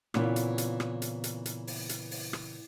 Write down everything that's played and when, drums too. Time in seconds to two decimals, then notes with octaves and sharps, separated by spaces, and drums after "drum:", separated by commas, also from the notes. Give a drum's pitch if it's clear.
0.14 A#2 C#3 E3 B3 C4 F4, drum: rim click
0.36 drum: hi-hat
0.58 drum: hi-hat
0.80 drum: rim click
1.02 drum: hi-hat
1.24 drum: hi-hat
1.46 drum: hi-hat
1.67 drum: open hi-hat
1.89 drum: hi-hat
2.11 drum: open hi-hat
2.33 drum: rim click